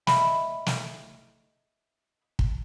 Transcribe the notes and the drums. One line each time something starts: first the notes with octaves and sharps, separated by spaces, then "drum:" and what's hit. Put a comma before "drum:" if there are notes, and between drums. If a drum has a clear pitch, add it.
D#5 E5 B5, drum: snare
drum: snare
drum: kick